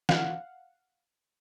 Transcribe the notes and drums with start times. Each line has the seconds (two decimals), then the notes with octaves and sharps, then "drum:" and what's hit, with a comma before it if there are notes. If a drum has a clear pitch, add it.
0.09 F5 F#5, drum: snare